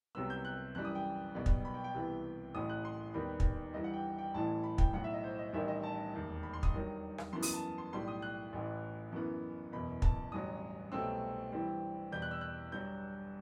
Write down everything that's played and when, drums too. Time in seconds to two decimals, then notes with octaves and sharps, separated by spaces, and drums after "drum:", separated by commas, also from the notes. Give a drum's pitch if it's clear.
0.15 C2 C3 F#3 B3 E6
0.30 G6
0.45 F#6
0.75 G1 F#2 E3 G3 F#6
0.85 D#6
0.95 G5
1.35 B1 B2 G3 B3
1.46 drum: kick
1.65 B5
1.74 G5
1.84 G5
1.95 C2 C3 E3 B3
2.54 A1 A2 F#3 D#6
2.69 F#6
2.85 C6
3.14 D#2 D#3 G3 B3 B5
3.40 drum: kick
3.73 G1 G2 E3 G3 D#5
3.84 F#5
3.93 G5
4.18 G5
4.34 A1 A2 E3 A5
4.63 B5
4.78 G5, drum: kick
4.93 B1 A2 F#3 F#5
5.04 E5
5.14 D#5
5.24 C5
5.39 D#5
5.53 A1 G2 D#3 E5
5.68 D#5
5.83 A5
6.13 E1 D#2 D#3
6.43 B5
6.53 C6
6.63 D#6, drum: kick
6.74 G2 D#3 F#3
7.18 drum: rim click
7.33 F#2 E3 B3 C6
7.42 D#6, drum: open hi-hat
7.53 A5
7.78 C6
7.93 B1 A2 G3 C6
8.08 D#6
8.22 F#6
8.53 A1 A2 E3
9.12 F#2 E3 B3
9.72 F#1 E2 B2 B5
10.02 A5, drum: kick
10.32 A1 G2 F#3 D#6
10.92 C2 B2 F#3 A3 C4 E6
11.52 G2 E3 G3 C4
12.12 E2 B2 G3 G6
12.22 F#6
12.31 E6
12.41 F#6
12.72 G1 G2 F#3 G6